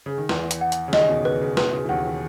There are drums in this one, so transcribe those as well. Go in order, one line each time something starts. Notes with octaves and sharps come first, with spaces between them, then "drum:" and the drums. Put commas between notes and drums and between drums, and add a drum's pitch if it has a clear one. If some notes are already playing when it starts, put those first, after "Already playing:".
C#3
D#3
E2 E3 B4, drum: snare
drum: hi-hat
F#5
drum: hi-hat
C#3
D#2 D#3 D#5, drum: snare
B2
C#3 B4
C#3
B2 B4, drum: snare
B2
C#3
E3
D#2 D#3 F#5
E3